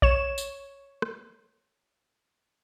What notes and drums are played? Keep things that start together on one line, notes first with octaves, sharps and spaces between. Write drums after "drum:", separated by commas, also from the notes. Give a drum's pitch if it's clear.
C#5 E7, drum: kick A#1
drum: tambourine
drum: rim click